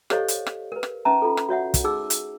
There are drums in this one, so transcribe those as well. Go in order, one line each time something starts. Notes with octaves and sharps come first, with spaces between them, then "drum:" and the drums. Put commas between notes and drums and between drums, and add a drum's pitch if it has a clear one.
G4 A4 C5 C#5 D#5 F5, drum: rim click
drum: hi-hat
drum: rim click
A#4 B4
drum: rim click
C#4 D#4 B4 E5 A5 A#5
F4 A4
drum: rim click
F#4 C#5 E5 F#5
drum: kick, hi-hat
D#4 G#4 D6 E6
drum: hi-hat